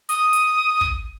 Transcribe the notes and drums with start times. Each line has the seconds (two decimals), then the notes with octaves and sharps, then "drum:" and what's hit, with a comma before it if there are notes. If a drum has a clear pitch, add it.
0.09 D#6, drum: hi-hat
0.33 drum: hi-hat
0.81 drum: kick